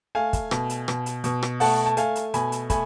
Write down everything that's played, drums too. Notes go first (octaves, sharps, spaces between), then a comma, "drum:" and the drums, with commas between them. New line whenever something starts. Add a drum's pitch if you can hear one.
A3 F5 G#5
drum: kick, hi-hat
B2, drum: rim click
drum: hi-hat
B2, drum: rim click
drum: hi-hat
B2, drum: hi-hat
drum: rim click
A3 F#5 A5, drum: open hi-hat
A5
A3 F5 G#5, drum: hi-hat
drum: hi-hat
B2 G#5 B5, drum: hi-hat
drum: hi-hat
A3 G#5 B5, drum: kick, hi-hat